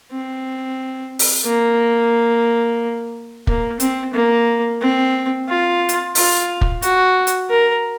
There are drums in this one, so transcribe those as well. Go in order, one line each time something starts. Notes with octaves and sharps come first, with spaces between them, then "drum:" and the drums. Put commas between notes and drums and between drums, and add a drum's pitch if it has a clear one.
C4
drum: open hi-hat
A#3
A#3, drum: kick
C4, drum: hi-hat
A#3
C4
F4
drum: hi-hat
F4, drum: open hi-hat
drum: kick
F#4, drum: hi-hat
drum: hi-hat
A#4